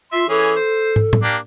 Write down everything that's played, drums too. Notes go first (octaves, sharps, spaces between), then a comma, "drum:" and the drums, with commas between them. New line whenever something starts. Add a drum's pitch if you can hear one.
F4 E5 C6
E3 C#4 G#4 A4
C5
drum: tom
drum: tom A2
A#3 D4 G4